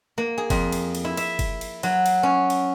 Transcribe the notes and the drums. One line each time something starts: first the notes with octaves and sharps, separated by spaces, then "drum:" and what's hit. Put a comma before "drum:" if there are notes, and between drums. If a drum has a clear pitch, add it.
A#3
G#4
F2, drum: kick F#1, cymbal
drum: cymbal
drum: cymbal
E4
E5, drum: cymbal
drum: kick F#1, cymbal
drum: cymbal
F#3, drum: cymbal
drum: cymbal
C#4
drum: cymbal